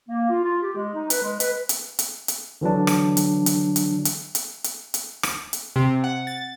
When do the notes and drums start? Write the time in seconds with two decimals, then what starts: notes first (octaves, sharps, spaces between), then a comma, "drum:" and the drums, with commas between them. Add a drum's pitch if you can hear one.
0.09 A#3
0.30 F4
0.44 F4
0.62 G4
0.76 G#3
0.95 D#4
1.10 B4, drum: hi-hat
1.23 G#3
1.40 B4, drum: hi-hat
1.69 drum: hi-hat
1.99 drum: hi-hat
2.28 drum: hi-hat
2.61 D3 E3 F#3 D4
2.87 drum: rim click
3.17 drum: hi-hat
3.46 drum: hi-hat
3.76 drum: hi-hat
4.05 drum: hi-hat
4.35 drum: hi-hat
4.64 drum: hi-hat
4.94 drum: hi-hat
5.23 drum: rim click
5.53 drum: hi-hat
5.76 C3
6.04 F#5
6.27 A6